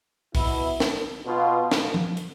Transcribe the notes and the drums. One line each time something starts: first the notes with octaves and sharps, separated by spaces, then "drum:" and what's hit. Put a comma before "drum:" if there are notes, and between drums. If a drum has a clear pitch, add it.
B2 B3 E4, drum: kick, open hi-hat
drum: snare
B2 B3 F4
drum: snare
drum: tom F3
drum: hi-hat